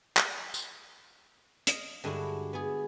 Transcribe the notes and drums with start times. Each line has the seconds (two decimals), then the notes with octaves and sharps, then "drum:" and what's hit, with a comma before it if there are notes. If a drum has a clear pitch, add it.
0.17 drum: clap
0.54 drum: tambourine
1.67 D#5 F5, drum: hi-hat
2.04 G2 D3 G#3 E4 F#4
2.53 B3 G#4